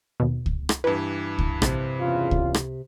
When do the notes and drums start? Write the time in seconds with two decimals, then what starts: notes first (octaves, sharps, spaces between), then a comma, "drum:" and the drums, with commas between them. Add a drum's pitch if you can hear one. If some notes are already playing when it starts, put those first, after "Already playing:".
0.20 D#2 B2
0.46 drum: kick C#2
0.69 drum: rim click
0.84 G2 E3 B4
1.39 drum: kick C#2
1.62 A#1 C3 A6, drum: rim click
2.01 E2 C#3 F4
2.31 drum: kick C#2
2.54 drum: rim click